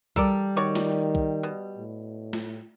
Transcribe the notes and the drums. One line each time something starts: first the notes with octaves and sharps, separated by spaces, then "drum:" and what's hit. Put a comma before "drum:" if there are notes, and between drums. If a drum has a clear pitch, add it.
G3 A4 A#4 D5, drum: kick
D#3 F#4 C#5 D5
drum: snare
drum: kick
B2
A2
drum: snare